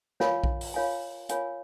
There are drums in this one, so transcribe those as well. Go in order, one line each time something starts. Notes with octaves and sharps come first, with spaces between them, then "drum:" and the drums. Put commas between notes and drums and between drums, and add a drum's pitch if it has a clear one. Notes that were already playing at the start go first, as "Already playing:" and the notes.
F4 A#4 C#5 F5 G#5, drum: snare
drum: kick A#1
drum: open hi-hat
F4 A#4 C#5 F5 G#5
F4 A#4 C#5 F5 G#5, drum: hi-hat